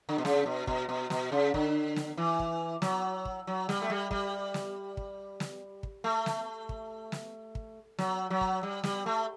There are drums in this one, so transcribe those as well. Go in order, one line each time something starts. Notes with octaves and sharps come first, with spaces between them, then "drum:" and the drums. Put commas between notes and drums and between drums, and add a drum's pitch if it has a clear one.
D3
B2
C#3, drum: snare
B2
B2, drum: kick
B2
B2, drum: snare
C#3
D3, drum: kick
drum: snare
E3
drum: kick
F#3, drum: snare
drum: kick
F#3
G3, drum: snare
A3
G3
G3, drum: kick
drum: snare
drum: kick
drum: snare
drum: kick
A3
drum: snare
drum: kick
drum: snare
drum: kick
F#3, drum: snare
F#3
drum: kick
G3
G3, drum: snare
A3